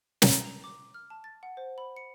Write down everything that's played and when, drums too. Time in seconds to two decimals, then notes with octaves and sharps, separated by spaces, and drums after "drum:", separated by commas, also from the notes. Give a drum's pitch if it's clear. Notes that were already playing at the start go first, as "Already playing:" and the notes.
0.22 A#5, drum: snare
0.45 F7
0.64 D6
0.94 F6
1.10 A5
1.24 A6
1.43 F#5
1.57 C5
1.78 B5
1.97 C#7